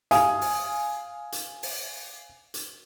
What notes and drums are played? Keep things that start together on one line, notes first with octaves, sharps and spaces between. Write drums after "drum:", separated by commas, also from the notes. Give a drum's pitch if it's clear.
F5 G#5 D#6, drum: hi-hat
drum: open hi-hat
drum: hi-hat
drum: open hi-hat
drum: hi-hat